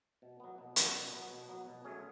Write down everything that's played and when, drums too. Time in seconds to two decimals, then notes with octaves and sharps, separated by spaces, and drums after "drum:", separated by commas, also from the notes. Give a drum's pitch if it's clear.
0.22 B2
0.40 F#3 B3
0.58 B2
0.76 F#3 B3, drum: hi-hat
0.94 B2
1.13 F#3 B3
1.31 B2
1.49 F#3 B3
1.67 B2
1.85 F#3 A3 C#4 G#4